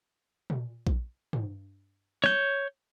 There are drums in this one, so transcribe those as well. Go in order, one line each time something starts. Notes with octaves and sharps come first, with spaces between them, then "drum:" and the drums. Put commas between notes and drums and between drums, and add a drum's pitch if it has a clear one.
drum: tom A#2
drum: kick A#1
drum: tom
C#5 G6, drum: snare